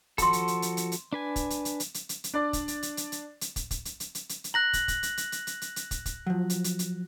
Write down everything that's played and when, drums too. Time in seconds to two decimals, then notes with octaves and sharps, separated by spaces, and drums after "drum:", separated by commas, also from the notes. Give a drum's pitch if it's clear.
0.18 F3 F#4 A4 B5 C6, drum: kick, hi-hat
0.33 drum: hi-hat
0.48 drum: hi-hat
0.62 drum: hi-hat
0.77 drum: hi-hat
0.92 drum: hi-hat
1.13 D4 B4 G#5
1.36 drum: kick, hi-hat
1.50 drum: hi-hat
1.65 drum: hi-hat
1.80 drum: hi-hat
1.94 drum: hi-hat
2.09 drum: hi-hat
2.24 drum: hi-hat
2.34 D4 D5
2.53 drum: kick, hi-hat
2.68 drum: hi-hat
2.83 drum: hi-hat
2.97 drum: hi-hat
3.12 drum: hi-hat
3.41 drum: hi-hat
3.56 drum: kick, hi-hat
3.71 drum: kick, hi-hat
3.85 drum: hi-hat
4.00 drum: hi-hat
4.15 drum: hi-hat
4.29 drum: hi-hat
4.44 drum: hi-hat
4.54 A#5 F#6 A#6 F#7
4.73 drum: kick, hi-hat
4.88 drum: kick, hi-hat
5.03 drum: hi-hat
5.17 drum: hi-hat
5.32 drum: hi-hat
5.47 drum: hi-hat
5.61 drum: hi-hat
5.76 drum: hi-hat
5.91 drum: kick, hi-hat
6.06 drum: kick, hi-hat
6.26 F3 F#3
6.50 drum: hi-hat
6.64 drum: hi-hat
6.79 drum: hi-hat